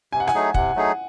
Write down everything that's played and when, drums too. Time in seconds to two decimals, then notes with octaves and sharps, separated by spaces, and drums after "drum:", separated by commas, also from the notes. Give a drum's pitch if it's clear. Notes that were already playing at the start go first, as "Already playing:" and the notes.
0.12 C3 G#5
0.20 F#5
0.27 G#5, drum: rim click
0.34 F#3 A3 D#4 G#4
0.54 C3 F#5, drum: kick
0.75 F#3 A3 D#4 G#4